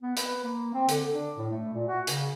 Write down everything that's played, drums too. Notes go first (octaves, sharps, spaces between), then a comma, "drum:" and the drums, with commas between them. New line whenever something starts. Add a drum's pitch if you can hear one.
B3
B4, drum: hi-hat
A#3
C4
D3, drum: hi-hat
D4
A2
A3
A#2
F#4
C#3, drum: hi-hat